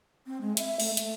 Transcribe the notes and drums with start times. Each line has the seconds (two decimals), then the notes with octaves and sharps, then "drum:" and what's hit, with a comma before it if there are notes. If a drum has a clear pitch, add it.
0.27 C4
0.41 G#3
0.57 E5, drum: hi-hat
0.80 A3, drum: open hi-hat
0.97 A3, drum: hi-hat